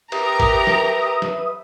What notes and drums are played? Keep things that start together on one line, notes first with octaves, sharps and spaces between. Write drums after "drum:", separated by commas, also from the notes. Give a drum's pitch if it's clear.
G4 A#4 B4 E5 A#5 D#6, drum: cymbal
drum: kick G#1, cymbal
drum: snare
drum: snare